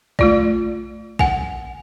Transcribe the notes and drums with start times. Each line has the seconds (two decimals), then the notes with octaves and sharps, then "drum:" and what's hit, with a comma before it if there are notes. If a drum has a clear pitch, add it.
0.19 A3 F4 D5, drum: kick A#1
1.19 F#5 G#5, drum: kick A#1